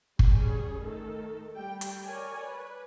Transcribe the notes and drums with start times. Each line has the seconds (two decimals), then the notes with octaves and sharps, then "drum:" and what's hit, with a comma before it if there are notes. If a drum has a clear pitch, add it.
0.19 G3 C#4 G#4, drum: kick
0.81 D#3 A3 A4
1.56 G3 G5
1.81 drum: hi-hat
2.05 A#4 C#5 D5 G#5
2.43 B4